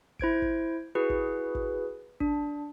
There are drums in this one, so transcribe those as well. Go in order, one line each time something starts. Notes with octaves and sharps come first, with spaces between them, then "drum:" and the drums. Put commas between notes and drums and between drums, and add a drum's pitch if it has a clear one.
E4 C5 G#6 D7, drum: kick
drum: kick
E4 F#4 G#4 B4
drum: kick
drum: kick
D4, drum: kick